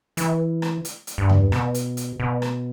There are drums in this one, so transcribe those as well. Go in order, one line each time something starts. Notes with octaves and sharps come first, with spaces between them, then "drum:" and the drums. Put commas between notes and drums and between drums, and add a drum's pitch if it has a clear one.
E3, drum: hi-hat
drum: rim click
drum: hi-hat
drum: hi-hat
G2
drum: tom E2
B2, drum: rim click
drum: hi-hat
drum: hi-hat
B2
drum: rim click